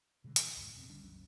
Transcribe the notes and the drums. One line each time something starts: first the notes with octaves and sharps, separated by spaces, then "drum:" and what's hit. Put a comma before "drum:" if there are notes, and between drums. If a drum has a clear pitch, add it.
B2 D3 F3 G#3
A#2 E3, drum: hi-hat
C#2 F#2 A2
A#1 F2 B2 C4
D3 G3 C#4 D4
G#1 D#2 F#3 C#4